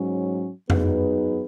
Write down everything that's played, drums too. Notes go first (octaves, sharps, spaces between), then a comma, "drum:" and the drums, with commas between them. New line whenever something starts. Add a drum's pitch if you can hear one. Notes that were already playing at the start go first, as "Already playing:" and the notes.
Already playing: G#2 F#3 C#4
F#3 B3 D#4 G#4 B4, drum: tom F2